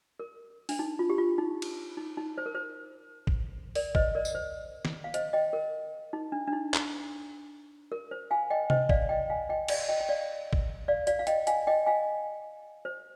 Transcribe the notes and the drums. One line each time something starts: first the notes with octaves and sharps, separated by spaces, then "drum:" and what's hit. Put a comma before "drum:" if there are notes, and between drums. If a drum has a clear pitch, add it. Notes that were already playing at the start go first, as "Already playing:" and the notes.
A#4
D4, drum: open hi-hat
D#4
F4
G4
F4
D#4
drum: cymbal
D#4
D#4
C5
A#4
C5
drum: kick
A#4 D5, drum: open hi-hat
C5 D#5, drum: kick
A#4 D5
drum: tambourine
C5
drum: snare
F5
C5 D#5, drum: hi-hat
D#5 G5
A#4
D#4
D4
D4
D#4
drum: clap
A#4
C5
F5 G#5
D#5 G5
C5 D#5, drum: tom C3
D5 F5, drum: kick
D#5 G5
F5 G#5
D#5 G5
D5 F5, drum: cymbal
D#5 G5
G5
D5 F5
drum: kick
D5 F5
D5 F5, drum: hi-hat
F5
D#5 G5, drum: hi-hat
F5 G#5, drum: hi-hat
D#5 G5
F5 G#5
C5